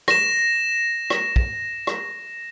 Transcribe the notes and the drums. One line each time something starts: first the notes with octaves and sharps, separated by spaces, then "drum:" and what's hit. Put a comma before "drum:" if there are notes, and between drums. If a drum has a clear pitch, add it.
A#6 E7, drum: rim click
drum: rim click
drum: kick
drum: rim click